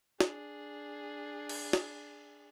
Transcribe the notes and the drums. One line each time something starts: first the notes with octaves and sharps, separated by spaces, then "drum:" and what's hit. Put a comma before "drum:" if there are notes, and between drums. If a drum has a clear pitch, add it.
D4 G#4, drum: snare
drum: cymbal
drum: snare